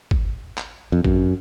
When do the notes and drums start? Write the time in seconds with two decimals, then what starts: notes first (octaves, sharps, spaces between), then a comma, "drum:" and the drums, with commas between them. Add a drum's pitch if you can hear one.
0.11 drum: kick
0.58 drum: clap
0.92 F2
1.05 F#2, drum: kick